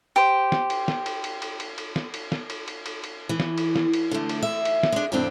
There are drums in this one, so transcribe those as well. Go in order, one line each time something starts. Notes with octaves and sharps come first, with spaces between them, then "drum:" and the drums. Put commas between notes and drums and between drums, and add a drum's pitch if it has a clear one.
G4 C5
drum: snare
drum: cymbal
drum: snare
drum: cymbal
drum: cymbal
drum: cymbal
drum: cymbal
drum: cymbal
drum: snare
drum: cymbal
drum: snare
drum: cymbal
drum: cymbal
drum: cymbal
drum: cymbal
E3
drum: snare
drum: cymbal
drum: snare
drum: cymbal
D3 A3
drum: cymbal
E5
drum: cymbal
drum: snare
G#3 D4
F2 A2 C#3 C4 D4